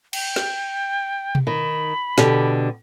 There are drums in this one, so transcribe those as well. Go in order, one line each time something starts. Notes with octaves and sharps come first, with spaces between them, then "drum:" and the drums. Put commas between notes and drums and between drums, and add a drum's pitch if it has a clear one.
G5, drum: cymbal
drum: snare
drum: tom B2
D#3 B5
B2 D3 G4, drum: snare